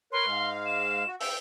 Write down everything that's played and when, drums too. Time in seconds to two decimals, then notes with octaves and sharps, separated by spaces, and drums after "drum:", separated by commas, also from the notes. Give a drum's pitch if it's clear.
0.12 A#4 B4 C#5 C6
0.26 G#2 G#3 F5
0.66 E7
1.08 F#4
1.20 G5 E6, drum: open hi-hat